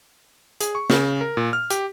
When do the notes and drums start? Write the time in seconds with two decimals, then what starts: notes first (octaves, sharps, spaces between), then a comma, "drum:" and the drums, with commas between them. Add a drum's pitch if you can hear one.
0.61 G#4, drum: hi-hat
0.75 C#6
0.90 C#3, drum: snare
1.21 A#4
1.37 A#2
1.53 F6
1.70 G4, drum: hi-hat